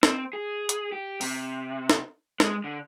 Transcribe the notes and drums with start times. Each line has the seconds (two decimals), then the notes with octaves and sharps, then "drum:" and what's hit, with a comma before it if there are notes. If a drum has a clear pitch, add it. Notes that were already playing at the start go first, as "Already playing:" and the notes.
0.03 C4, drum: snare
0.33 G#4
0.69 drum: hi-hat
0.92 G4
1.21 C3, drum: open hi-hat
1.90 drum: snare
2.40 G#3, drum: snare
2.64 D3